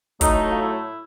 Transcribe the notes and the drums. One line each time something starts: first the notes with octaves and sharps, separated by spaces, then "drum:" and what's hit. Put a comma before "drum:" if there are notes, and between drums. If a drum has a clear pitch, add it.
A2 F#3 A3 D#4, drum: kick, hi-hat
F4
E4